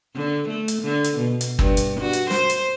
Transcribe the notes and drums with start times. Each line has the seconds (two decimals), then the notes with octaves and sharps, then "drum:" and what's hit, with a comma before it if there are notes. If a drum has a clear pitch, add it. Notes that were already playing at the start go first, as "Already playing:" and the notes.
0.15 D3
0.49 A3
0.68 drum: hi-hat
0.82 D3
1.04 drum: hi-hat
1.17 B2
1.41 drum: hi-hat
1.59 G2, drum: kick
1.77 drum: hi-hat
2.01 F#4
2.13 drum: hi-hat
2.31 C5, drum: snare
2.50 drum: hi-hat